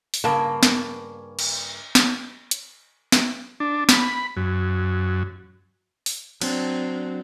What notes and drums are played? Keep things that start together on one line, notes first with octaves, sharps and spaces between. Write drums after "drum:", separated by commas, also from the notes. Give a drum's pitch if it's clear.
drum: open hi-hat
G2 C#3 A#3 A5
drum: snare
drum: cymbal
drum: snare
drum: hi-hat
drum: snare
D4
B5, drum: snare
F#2
drum: open hi-hat
F#3 C4 D4, drum: cymbal